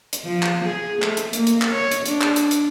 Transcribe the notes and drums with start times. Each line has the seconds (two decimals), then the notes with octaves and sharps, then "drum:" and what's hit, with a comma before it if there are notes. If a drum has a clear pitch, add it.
0.13 drum: hi-hat
0.25 F3
0.43 drum: clap
0.65 G#4
1.02 A3, drum: clap
1.17 drum: hi-hat
1.33 A#3, drum: hi-hat
1.47 drum: hi-hat
1.62 drum: clap
1.71 C#5
1.91 drum: hi-hat
2.06 D4, drum: hi-hat
2.21 drum: clap
2.36 drum: hi-hat
2.51 drum: hi-hat